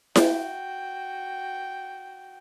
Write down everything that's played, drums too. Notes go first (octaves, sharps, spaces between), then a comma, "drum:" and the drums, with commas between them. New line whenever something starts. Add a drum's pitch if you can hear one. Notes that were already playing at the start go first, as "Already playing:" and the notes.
F#4 G5, drum: snare E4